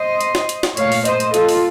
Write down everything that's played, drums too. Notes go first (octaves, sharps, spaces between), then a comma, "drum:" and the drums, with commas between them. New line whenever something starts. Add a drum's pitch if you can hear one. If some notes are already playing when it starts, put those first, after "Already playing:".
Already playing: C5 D#5
drum: hi-hat
drum: snare
drum: hi-hat
drum: snare
A#2 A3 C#5 F5, drum: hi-hat
drum: open hi-hat
C5 D#5, drum: hi-hat
drum: hi-hat
F4 A4, drum: hi-hat
drum: open hi-hat